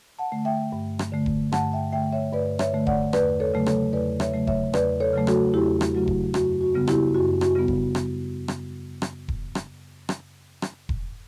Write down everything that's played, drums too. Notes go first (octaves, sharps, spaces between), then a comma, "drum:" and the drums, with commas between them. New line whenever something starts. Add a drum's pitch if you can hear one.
F#5 A5
D3 A3
E5 G5
G2
drum: rim click
D3 A3
drum: kick E1
G2 F#5 A5, drum: rim click
E5 G5
D3 A3 E5 G5
C#5 E5
G2 B4 D5
C#5 E5, drum: rim click
D3 A3
D5 F#5, drum: kick E1
E2 B4 D5, drum: rim click
A4 C#5
C#3 F#3 A3
A4 C#5, drum: rim click
E2 B4 D5
C#5 E5, drum: rim click
C#3 F#3 A3
C#5 E5, drum: kick E1
E2 B4 D5, drum: rim click
A4 C#5
C#3 F#3 A3
F#4 A4, drum: rim click
E2 E4 G4
drum: rim click
C#3 F#3 A3 F#4
drum: kick E1
F#2 F#4, drum: rim click
F#4
C#3 G3 B3
E4 G4, drum: rim click
F#2 F#4
F#4, drum: rim click
C#3 G3 B3
drum: kick E1
drum: rim click
drum: rim click
drum: rim click
drum: kick E1
drum: rim click
drum: rim click
drum: rim click
drum: kick E1